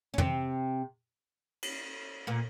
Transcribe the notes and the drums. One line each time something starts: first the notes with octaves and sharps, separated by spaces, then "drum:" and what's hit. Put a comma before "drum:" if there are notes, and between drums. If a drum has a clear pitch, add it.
C#4
C3 C4, drum: tom
drum: cymbal
A#2 A#3